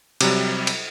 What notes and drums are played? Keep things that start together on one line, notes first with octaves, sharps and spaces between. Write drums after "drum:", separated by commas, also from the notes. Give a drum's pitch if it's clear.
C3 F#3 G3, drum: cymbal
drum: cymbal